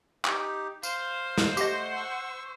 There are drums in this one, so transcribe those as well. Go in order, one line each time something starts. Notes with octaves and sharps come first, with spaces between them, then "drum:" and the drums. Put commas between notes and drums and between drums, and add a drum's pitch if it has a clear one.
D#4 G4, drum: clap
C5 F5, drum: tambourine
drum: snare
A3 G4 D#5 F#5, drum: tambourine
C#6 E6